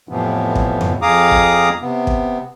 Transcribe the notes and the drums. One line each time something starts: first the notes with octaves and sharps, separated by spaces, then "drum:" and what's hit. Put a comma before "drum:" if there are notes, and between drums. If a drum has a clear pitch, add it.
F2 A2 C3 E3 F3 B3
drum: kick
drum: tom F2
F2 G#4 F5 A#5 D6 D#6
drum: kick
C3 B3
drum: kick